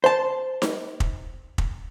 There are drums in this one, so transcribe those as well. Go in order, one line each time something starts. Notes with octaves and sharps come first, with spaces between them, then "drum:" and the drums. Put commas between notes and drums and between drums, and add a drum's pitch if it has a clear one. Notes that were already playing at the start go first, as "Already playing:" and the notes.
C5 A5
drum: snare D#4
drum: kick
drum: kick